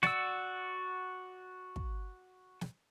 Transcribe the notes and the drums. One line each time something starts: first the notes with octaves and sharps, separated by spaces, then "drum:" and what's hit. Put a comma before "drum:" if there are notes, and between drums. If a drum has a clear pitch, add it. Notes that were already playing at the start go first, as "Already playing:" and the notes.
F#4 D5 F#5 E6, drum: snare
drum: kick
drum: snare